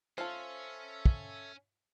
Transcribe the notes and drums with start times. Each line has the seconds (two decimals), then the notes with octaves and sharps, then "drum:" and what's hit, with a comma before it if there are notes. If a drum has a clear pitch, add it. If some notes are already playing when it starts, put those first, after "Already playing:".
0.18 C#4 F4 A4 C5 C#5 E5 A5
1.06 drum: kick